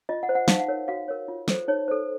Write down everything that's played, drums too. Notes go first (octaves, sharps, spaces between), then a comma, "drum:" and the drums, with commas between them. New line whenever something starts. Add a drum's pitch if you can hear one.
F4 D#5
F#5
C5
F#5
D#4 F5, drum: snare
F#5
A#4 C#5
F#4 F5
A#4 C#5
F4
A4 C5, drum: snare
D#4 C#5
A4 C5